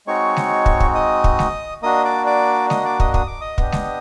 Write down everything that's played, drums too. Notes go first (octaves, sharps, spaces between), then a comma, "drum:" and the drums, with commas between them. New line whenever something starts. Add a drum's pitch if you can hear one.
G#3 C4 D#4 F#4 C#5 C#6
drum: snare G#3
drum: kick
drum: kick
D#5 D#6
drum: kick
drum: snare G#3
A#3 D4 F#4 D#5 D#6
D5 D6
D5 D6
D#5 D#6, drum: snare G#3
D5 D6
D#5 D#6, drum: kick
D#6, drum: kick
D6
D#5 D#6
B3 D4 G4, drum: kick
drum: snare G#3